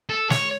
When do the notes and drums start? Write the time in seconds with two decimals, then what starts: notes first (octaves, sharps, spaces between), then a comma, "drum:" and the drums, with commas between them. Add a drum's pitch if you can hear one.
0.10 A4
0.30 C#5, drum: snare